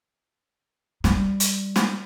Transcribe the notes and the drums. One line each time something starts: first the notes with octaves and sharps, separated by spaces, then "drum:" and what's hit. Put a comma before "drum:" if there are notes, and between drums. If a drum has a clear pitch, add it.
G3, drum: snare
drum: hi-hat
drum: snare